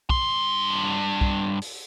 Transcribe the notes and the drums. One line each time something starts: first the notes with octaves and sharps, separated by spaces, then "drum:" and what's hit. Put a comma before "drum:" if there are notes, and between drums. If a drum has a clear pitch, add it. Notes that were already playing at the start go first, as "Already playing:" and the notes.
G2 C6, drum: kick
drum: kick
drum: open hi-hat